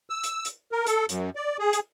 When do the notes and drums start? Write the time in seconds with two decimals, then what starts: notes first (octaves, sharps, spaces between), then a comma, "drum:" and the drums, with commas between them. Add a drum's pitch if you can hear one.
0.10 E6
0.24 drum: hi-hat
0.45 drum: hi-hat
0.72 A#4
0.87 A4, drum: hi-hat
1.09 F#2, drum: hi-hat
1.36 D5
1.59 G#4
1.73 drum: hi-hat